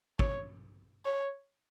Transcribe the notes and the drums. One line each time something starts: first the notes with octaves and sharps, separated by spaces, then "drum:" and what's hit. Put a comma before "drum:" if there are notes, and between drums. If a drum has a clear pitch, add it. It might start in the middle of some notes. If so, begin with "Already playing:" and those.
C#5, drum: kick
C#5